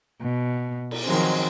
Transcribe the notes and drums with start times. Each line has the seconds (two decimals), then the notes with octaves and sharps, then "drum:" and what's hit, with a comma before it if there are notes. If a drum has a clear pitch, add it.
0.21 B2
0.91 drum: cymbal
1.03 D#3 F3 F#3 G#3 C4